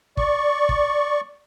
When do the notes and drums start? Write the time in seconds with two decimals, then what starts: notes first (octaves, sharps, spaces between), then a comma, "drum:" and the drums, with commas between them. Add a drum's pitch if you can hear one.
0.17 D5 C#6, drum: kick
0.69 drum: kick